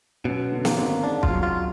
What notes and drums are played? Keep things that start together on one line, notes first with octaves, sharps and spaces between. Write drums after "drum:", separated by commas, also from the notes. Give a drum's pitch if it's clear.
F#2 B2
D3
A#3, drum: snare
G#1
G#2 D4
F4, drum: kick
F#3
F4